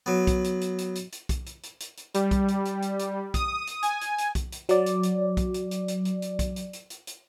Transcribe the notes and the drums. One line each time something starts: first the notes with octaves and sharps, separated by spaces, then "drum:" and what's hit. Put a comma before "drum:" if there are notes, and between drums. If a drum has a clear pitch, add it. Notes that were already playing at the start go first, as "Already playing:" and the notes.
F#3 B3
drum: kick, hi-hat
drum: hi-hat
drum: hi-hat
drum: hi-hat
drum: hi-hat
drum: hi-hat
drum: kick, hi-hat
drum: hi-hat
drum: hi-hat
drum: hi-hat
drum: hi-hat
G3, drum: hi-hat
drum: kick, hi-hat
drum: hi-hat
drum: hi-hat
drum: hi-hat
drum: hi-hat
D#6, drum: kick, hi-hat
drum: hi-hat
G#5, drum: hi-hat
drum: hi-hat
drum: hi-hat
drum: kick, hi-hat
drum: hi-hat
F#3 D5, drum: hi-hat
drum: hi-hat
drum: hi-hat
drum: kick, hi-hat
drum: hi-hat
drum: hi-hat
drum: hi-hat
drum: hi-hat
drum: hi-hat
drum: kick, hi-hat
drum: hi-hat
drum: hi-hat
drum: hi-hat
drum: hi-hat